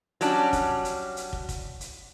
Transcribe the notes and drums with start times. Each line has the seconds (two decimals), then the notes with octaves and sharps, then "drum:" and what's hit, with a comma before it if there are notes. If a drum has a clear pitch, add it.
0.21 F#3 G3 C#4 D4, drum: hi-hat
0.53 drum: kick, hi-hat
0.85 drum: hi-hat
1.17 drum: hi-hat
1.33 drum: kick
1.49 drum: kick, hi-hat
1.81 drum: hi-hat